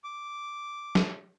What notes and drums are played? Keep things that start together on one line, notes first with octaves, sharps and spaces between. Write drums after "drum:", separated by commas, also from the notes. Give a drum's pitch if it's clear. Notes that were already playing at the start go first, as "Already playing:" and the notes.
D6
drum: snare